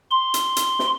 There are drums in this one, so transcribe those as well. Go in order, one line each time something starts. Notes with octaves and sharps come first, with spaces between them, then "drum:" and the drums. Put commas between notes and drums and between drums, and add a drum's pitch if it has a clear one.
C6
drum: hi-hat
drum: hi-hat
drum: snare